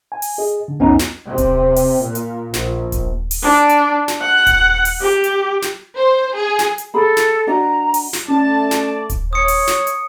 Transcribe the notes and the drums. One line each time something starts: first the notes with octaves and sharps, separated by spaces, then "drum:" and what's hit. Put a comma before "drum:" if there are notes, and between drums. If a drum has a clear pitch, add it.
G#5
drum: open hi-hat
G#4 D#5
D3
C2 F2 B3 C#4 D#4
drum: snare
C3
drum: kick D#1, hi-hat
drum: open hi-hat
A#2
drum: hi-hat
A#1, drum: snare
drum: kick D#1, hi-hat
drum: open hi-hat
D4
drum: hi-hat
drum: snare
F#5
drum: kick D#1, hi-hat
drum: open hi-hat
G4
drum: hi-hat
drum: snare
C5
G#4
drum: snare
drum: hi-hat
G#4 A4 B5
drum: snare
D4 F#4 D#5 A#5
drum: open hi-hat
drum: snare
A3 C#4 D5 A5
drum: snare
drum: kick D#1, hi-hat
C#5 D#6 C#7
drum: open hi-hat
drum: snare
drum: hi-hat